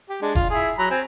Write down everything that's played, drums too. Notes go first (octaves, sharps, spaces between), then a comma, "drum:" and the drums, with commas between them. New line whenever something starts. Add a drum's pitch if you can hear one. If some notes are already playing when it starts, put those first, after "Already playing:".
G4
G#3 D4
F4, drum: kick F1
E4 G#4
F#3 A#5 B5
C4 G#5